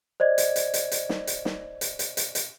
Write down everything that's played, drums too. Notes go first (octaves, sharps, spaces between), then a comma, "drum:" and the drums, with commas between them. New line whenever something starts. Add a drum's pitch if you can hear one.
C5 D5 D#5 G#6
drum: hi-hat
drum: hi-hat
drum: hi-hat
drum: hi-hat
drum: snare
drum: hi-hat
drum: snare
drum: hi-hat
drum: hi-hat
drum: hi-hat
drum: hi-hat